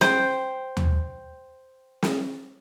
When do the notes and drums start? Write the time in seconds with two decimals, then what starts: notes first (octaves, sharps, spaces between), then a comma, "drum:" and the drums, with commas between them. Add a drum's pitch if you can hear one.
0.01 C5 G5, drum: snare
0.77 drum: tom D#2
2.03 drum: snare